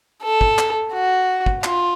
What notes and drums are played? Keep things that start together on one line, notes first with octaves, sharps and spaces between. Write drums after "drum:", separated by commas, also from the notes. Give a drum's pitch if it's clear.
A4
drum: kick
drum: clap
F#4
drum: kick
F4, drum: clap